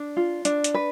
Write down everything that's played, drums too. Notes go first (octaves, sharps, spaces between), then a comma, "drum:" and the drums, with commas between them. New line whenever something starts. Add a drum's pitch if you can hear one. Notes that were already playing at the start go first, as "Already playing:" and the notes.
Already playing: D4
F4
D4, drum: hi-hat
drum: hi-hat
B4